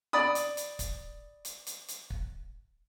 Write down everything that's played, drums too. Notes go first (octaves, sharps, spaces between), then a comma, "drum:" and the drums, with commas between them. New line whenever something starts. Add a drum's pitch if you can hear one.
D5 B5 D#6
drum: hi-hat
drum: hi-hat
drum: kick, hi-hat
drum: hi-hat
drum: hi-hat
drum: hi-hat
drum: kick